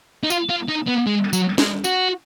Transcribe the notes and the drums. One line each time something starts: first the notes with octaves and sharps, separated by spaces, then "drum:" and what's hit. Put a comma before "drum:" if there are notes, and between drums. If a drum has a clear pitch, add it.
D#4
F4, drum: tambourine
F4
D#4
B3
G#3
F#3, drum: tambourine
G#3, drum: snare
F#4, drum: tambourine